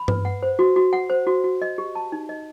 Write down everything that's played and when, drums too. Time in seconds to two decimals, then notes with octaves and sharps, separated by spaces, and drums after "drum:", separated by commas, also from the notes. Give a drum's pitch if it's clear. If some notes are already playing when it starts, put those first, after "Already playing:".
Already playing: B5
0.08 B4, drum: tom G2
0.25 F#5
0.43 C5
0.59 F#4
0.76 F#4
0.93 F#5
1.10 C5
1.27 F#4
1.44 F#4
1.62 D#5
1.78 G4
1.95 A5
2.12 D#4
2.29 D#5